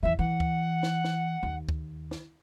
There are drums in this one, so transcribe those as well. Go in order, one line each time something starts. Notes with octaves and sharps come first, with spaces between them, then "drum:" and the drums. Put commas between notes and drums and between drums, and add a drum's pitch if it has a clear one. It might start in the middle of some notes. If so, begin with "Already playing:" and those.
E2 E3 E5
E3 F#5
drum: kick D2
drum: snare
drum: snare
D#2
drum: kick D2
drum: snare